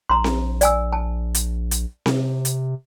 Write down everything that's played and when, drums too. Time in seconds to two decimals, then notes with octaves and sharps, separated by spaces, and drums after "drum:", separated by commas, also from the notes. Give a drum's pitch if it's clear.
0.09 A#1 A#5 C6
0.24 drum: snare C4
0.61 D5 G#5 E6, drum: hi-hat
0.93 A5
1.35 drum: hi-hat
1.71 drum: hi-hat
2.06 C3, drum: snare C4
2.45 drum: hi-hat